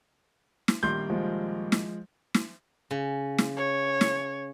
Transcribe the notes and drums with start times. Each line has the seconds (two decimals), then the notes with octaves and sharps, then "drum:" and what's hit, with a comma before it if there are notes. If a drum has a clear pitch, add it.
0.68 drum: snare
0.83 A#1 D#3 G3 C6 G6
1.10 F3 G#3
1.72 drum: snare
2.34 drum: snare
2.91 C#3
3.38 drum: snare
3.57 C#5
4.01 drum: snare